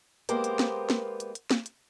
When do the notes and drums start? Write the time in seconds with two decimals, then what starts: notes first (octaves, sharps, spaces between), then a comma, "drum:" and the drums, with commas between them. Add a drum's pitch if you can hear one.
0.29 G#3 A#3 B3 G4 A#4 C5, drum: hi-hat
0.44 drum: hi-hat
0.59 drum: snare
0.90 drum: snare
1.20 drum: hi-hat
1.35 drum: hi-hat
1.51 drum: snare
1.66 drum: hi-hat